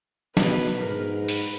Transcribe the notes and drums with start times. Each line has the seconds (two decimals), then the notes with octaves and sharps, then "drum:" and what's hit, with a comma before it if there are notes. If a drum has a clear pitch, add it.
0.37 B2 B4, drum: snare
0.82 G#2 A#4
1.28 B4, drum: open hi-hat